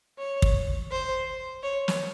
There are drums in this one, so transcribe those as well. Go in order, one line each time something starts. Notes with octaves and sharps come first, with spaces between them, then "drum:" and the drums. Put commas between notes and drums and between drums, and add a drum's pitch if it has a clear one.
C#5
drum: kick
C5
C#5
drum: snare